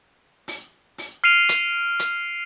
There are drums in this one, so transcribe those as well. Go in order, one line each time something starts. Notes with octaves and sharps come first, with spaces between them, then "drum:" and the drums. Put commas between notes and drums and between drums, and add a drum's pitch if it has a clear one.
drum: open hi-hat
drum: open hi-hat
F6 C7 D7 D#7 F7
drum: hi-hat
drum: hi-hat